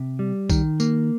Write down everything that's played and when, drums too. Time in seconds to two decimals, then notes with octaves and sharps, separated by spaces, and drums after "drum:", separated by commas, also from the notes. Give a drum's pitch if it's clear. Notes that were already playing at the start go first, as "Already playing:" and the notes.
Already playing: C3
0.19 G3
0.50 D#3, drum: kick B1, tambourine
0.80 A#3, drum: tambourine